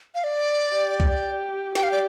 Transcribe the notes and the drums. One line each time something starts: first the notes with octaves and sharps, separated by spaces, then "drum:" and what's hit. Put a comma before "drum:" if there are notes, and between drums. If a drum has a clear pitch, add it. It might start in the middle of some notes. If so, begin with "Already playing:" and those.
F5
D5
G4
drum: kick C2
G4 G5, drum: snare
F5
D5